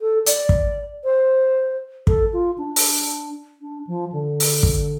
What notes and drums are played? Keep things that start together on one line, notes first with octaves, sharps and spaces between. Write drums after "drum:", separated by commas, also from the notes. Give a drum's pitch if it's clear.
A4
D5, drum: hi-hat
drum: kick
C5
A4, drum: kick
F4
D4
drum: open hi-hat
D4
F3
D3
drum: open hi-hat
drum: kick